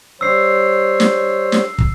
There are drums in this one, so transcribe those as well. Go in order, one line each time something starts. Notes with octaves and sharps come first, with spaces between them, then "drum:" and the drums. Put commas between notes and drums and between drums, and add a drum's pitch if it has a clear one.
G3 C5 C#5 E6 C7
drum: snare
drum: snare
drum: kick